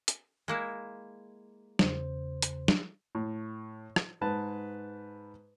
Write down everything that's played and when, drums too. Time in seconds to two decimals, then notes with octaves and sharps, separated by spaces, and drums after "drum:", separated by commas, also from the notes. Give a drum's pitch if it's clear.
0.08 drum: hi-hat
0.48 G#3 A#3 E4
1.79 E2 C#3 C5, drum: snare
2.42 drum: hi-hat
2.68 drum: snare
3.15 A2
3.96 drum: rim click
4.21 G#2 B4 A5